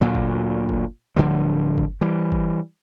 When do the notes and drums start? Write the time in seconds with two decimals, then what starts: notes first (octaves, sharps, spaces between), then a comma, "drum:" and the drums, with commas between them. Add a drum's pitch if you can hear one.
0.01 D2 A#2 F#3
0.15 drum: kick
0.69 drum: kick
1.16 D1 D3 F3 G3
1.78 drum: kick
2.01 E3 G3
2.32 drum: kick